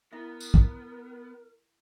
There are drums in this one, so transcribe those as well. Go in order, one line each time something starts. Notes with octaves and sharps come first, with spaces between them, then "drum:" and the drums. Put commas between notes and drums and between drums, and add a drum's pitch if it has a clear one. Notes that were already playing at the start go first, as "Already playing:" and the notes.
B3 E4 A#4 E5
drum: tambourine
drum: kick